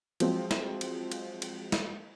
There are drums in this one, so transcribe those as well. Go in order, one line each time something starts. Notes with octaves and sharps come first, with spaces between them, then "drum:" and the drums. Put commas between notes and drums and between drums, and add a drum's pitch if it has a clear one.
F3 F#3 G#3 C4, drum: cymbal
drum: snare
drum: cymbal
drum: cymbal
drum: cymbal
drum: snare